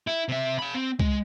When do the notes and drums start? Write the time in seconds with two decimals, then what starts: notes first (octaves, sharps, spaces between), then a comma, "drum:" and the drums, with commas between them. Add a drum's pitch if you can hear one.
0.07 E4
0.29 C3 E5
0.59 F5 B5
0.74 C4
0.99 G#3, drum: kick